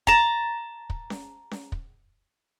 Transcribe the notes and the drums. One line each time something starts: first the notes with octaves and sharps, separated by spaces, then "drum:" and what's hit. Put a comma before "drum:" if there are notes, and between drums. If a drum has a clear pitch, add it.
A5 A#5, drum: kick
drum: kick
drum: snare C#4
drum: snare C#4
drum: kick